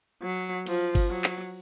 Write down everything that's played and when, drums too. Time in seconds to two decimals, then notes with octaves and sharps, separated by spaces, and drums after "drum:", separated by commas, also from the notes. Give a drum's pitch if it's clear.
0.22 F#3
0.66 F3, drum: cymbal
0.95 drum: kick G1, cymbal
1.10 F#3
1.24 drum: clap